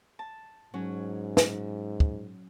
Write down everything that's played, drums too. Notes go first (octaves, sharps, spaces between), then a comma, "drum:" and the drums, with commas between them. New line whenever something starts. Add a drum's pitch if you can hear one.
A5
G#2 F#3 C#4
drum: snare
drum: kick